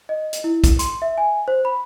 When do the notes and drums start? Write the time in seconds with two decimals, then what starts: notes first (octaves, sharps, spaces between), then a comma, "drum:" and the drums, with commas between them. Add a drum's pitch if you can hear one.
0.09 D#5
0.33 drum: hi-hat
0.44 E4
0.64 drum: kick, hi-hat
0.79 C6, drum: hi-hat
1.02 E5
1.18 G#5
1.48 C5
1.65 B5